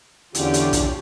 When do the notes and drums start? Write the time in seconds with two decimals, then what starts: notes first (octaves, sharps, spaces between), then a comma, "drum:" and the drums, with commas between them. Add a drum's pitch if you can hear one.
0.35 E2 D3 C#4 F4 G4, drum: hi-hat
0.54 drum: hi-hat
0.73 drum: kick, hi-hat